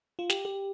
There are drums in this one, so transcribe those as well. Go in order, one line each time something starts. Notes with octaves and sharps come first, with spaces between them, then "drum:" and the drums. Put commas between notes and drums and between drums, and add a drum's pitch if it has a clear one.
F4
G4, drum: snare
G4